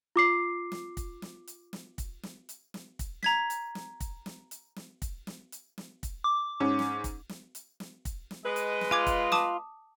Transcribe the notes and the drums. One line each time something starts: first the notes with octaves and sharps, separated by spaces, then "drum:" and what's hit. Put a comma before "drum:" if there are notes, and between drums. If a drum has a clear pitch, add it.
F4 D6 C7
drum: snare
drum: kick, hi-hat
drum: snare
drum: hi-hat
drum: snare
drum: kick, hi-hat
drum: snare
drum: hi-hat
drum: snare
drum: kick, hi-hat
A#5 G#6 B6, drum: snare
drum: hi-hat
drum: snare
drum: kick, hi-hat
drum: snare
drum: hi-hat
drum: snare
drum: kick, hi-hat
drum: snare
drum: hi-hat
drum: snare
drum: kick, hi-hat
D6
G#2 C#4
drum: snare
drum: kick, hi-hat
drum: snare
drum: hi-hat
drum: snare
drum: kick, hi-hat
drum: snare
G#3 B4 D#5
drum: hi-hat
drum: snare
F4 G#5 D6 G#6
drum: kick, hi-hat
A5 D6 D#6, drum: snare